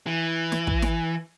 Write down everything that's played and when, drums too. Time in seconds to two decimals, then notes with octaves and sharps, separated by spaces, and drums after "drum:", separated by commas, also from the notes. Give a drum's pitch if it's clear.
0.06 E3
0.52 drum: snare
0.67 drum: kick
0.82 drum: snare